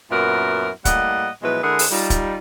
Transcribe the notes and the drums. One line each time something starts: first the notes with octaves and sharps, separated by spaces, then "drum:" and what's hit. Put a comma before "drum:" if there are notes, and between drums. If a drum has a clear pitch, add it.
F#2 A#2 B3 E4 F#4 A#4
A2 G3 A#3 D#5 F#5, drum: kick, hi-hat
B2 F3 F#3 G#3 E4 B4
D3 G#3 E4 G#4 A#4 F#5
drum: open hi-hat
G3 D#4 F4
drum: kick, hi-hat